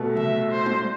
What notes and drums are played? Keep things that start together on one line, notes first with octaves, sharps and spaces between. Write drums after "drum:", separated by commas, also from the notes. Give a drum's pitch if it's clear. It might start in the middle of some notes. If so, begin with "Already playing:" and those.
Already playing: C2 B2 A3
E5, drum: tom C3
C5
drum: tom G3